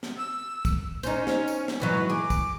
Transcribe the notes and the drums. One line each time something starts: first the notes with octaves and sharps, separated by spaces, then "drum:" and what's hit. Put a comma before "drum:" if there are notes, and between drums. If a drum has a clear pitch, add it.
drum: snare
E6
drum: kick, tambourine
C#4 D#4 C5, drum: tambourine
drum: snare
drum: tambourine
drum: snare
G#2 E3 F#3 B4
G#4 D6
drum: kick, tambourine